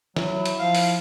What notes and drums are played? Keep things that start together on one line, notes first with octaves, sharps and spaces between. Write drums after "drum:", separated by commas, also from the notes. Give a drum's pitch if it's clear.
F#3 E4, drum: snare
drum: hi-hat
F3 F5
drum: open hi-hat